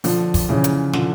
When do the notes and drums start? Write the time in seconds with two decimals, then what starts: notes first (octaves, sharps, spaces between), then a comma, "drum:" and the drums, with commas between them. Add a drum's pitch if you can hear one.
0.04 D3 F3, drum: open hi-hat
0.34 drum: kick, open hi-hat
0.49 C#3 E3
0.64 drum: hi-hat
0.93 D3 F3, drum: snare